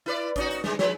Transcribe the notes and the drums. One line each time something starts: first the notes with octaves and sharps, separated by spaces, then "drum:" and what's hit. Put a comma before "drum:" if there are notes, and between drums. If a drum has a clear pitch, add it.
E4 B4 D5
C#4 D#4 F#4, drum: kick, hi-hat
drum: hi-hat
G3 G#3, drum: snare
F3 G#3 B4, drum: snare